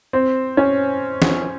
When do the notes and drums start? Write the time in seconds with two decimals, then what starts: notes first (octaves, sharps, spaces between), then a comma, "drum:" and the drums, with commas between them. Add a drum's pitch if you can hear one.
0.13 C4
0.57 C#4
1.22 drum: snare